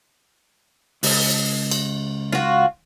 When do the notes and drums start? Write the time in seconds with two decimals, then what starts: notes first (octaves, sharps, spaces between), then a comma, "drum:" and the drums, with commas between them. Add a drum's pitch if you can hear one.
1.03 C#2, drum: open hi-hat
1.71 drum: cymbal
2.32 F4 F#4, drum: snare